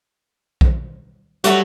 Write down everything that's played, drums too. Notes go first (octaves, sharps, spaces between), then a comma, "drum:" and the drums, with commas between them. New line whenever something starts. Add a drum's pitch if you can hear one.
drum: kick A#1
F#3 G3 A3 F#4, drum: hi-hat